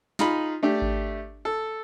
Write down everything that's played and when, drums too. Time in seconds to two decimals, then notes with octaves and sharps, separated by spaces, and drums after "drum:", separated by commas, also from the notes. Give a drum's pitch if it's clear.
0.19 D#4 F4 G#4 B5, drum: snare
0.63 A3 D4 G4
0.82 drum: kick G#1
1.45 A4